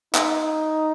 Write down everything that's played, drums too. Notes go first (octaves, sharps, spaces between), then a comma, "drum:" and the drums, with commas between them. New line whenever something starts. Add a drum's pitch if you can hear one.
D#4, drum: clap